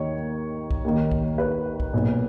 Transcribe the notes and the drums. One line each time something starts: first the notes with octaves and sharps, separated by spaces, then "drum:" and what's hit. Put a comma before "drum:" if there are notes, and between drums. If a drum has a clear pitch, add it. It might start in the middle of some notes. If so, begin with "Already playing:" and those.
Already playing: D#2 D#3 C#5
drum: kick B1
D#2 D#3
drum: kick B1
B4
drum: kick B1
B1 A#2